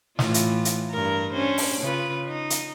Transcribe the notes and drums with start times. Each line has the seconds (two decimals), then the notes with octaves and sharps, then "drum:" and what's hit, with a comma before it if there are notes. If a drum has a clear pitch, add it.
0.19 A2 E3 F4, drum: snare
0.34 drum: hi-hat
0.65 drum: hi-hat
0.91 G2 A#4
1.33 C#4 D4 C5
1.58 drum: open hi-hat
1.81 C#3 F4 B4
2.26 D#4
2.50 drum: hi-hat